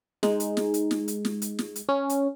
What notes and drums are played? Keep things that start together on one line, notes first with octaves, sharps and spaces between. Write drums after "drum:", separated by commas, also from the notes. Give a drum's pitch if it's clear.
G#3 D#4, drum: snare
drum: hi-hat
drum: snare
drum: hi-hat
drum: snare
drum: hi-hat
drum: snare
drum: hi-hat
drum: snare
drum: hi-hat
C#4
drum: hi-hat